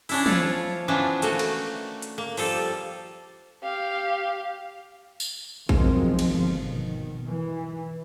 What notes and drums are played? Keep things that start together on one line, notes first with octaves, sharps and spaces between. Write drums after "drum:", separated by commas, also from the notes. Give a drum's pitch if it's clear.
C#4 D4 E4, drum: open hi-hat
F3 F4 C#5 D5, drum: tom
E3 F3 B3 C#4 D4
A3 A#3 F#4, drum: hi-hat
drum: cymbal
drum: hi-hat
A#3
F3 G3 A4, drum: open hi-hat
G4 F5
drum: tambourine
B2 D#3 F3 F#3 G#3 C4, drum: kick A1
drum: cymbal
G1 F3
B2 D#3
E3